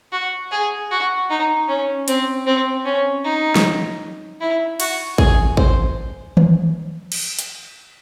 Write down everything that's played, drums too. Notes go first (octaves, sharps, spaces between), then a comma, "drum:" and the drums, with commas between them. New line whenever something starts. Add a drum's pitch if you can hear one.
F#4
G#4
F#4
D#4
C#4
C4, drum: hi-hat
C4
C#4
D#4
drum: snare
E4
F#4, drum: cymbal
G#4, drum: kick A1
C5, drum: kick A1
drum: tom D#3
drum: cymbal
drum: hi-hat